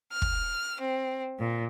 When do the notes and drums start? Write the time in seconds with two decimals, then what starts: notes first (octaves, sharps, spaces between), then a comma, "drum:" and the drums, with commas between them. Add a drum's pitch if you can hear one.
0.12 F6
0.22 drum: kick
0.79 C4
1.38 A#2